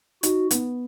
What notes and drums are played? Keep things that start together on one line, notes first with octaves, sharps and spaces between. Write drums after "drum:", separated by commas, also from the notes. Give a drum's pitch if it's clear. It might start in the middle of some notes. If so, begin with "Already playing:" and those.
D#4 F#4, drum: hi-hat
B3, drum: hi-hat